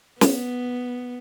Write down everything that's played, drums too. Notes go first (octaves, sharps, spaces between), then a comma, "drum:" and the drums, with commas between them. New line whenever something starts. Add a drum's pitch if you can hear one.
B3, drum: snare